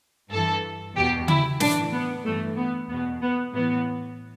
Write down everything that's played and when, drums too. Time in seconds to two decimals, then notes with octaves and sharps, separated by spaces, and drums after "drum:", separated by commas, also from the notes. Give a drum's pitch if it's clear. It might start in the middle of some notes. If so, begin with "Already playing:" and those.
0.32 G2 E3 A4
0.96 E2 B2 G4
1.28 E4, drum: tom C#3
1.60 A2 E3 D4, drum: snare
1.93 B3
2.25 G2 E3 A3
2.57 B3
2.89 E2 B2 B3
3.21 B3
3.54 A2 E3 B3